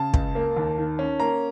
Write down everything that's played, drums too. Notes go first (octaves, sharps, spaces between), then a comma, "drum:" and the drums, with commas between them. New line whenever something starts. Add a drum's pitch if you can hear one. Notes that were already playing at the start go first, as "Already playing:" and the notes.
Already playing: C#3 A5
C#2, drum: kick
A#3
D#2
D#3
C#4
A#3 A#5